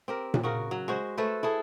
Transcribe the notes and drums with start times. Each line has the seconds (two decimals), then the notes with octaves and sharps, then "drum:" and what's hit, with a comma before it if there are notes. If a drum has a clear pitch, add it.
0.08 C4 G4 A#4
0.34 drum: tom A#2
0.43 C#3 F#4 A#4
0.71 F#3
0.88 G#3 F#4 C5
1.17 A3 A4 B4 C5
1.43 E4 G#4 A4